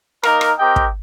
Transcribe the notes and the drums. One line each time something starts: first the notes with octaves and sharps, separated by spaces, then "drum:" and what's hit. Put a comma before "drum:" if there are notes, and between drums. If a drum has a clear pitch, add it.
A#3 D#4 A#4, drum: rim click
drum: rim click
C4 G4 A#4 D#5 G5
drum: kick